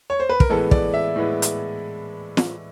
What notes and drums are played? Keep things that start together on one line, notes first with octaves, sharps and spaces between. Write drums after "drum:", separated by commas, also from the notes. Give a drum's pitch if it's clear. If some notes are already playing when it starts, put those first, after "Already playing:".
C#5
C5
B4
A#4, drum: kick
A2 E3 G#3 B3 A4
D5, drum: kick
E5
A2 E3 G#3 B3
drum: hi-hat
drum: snare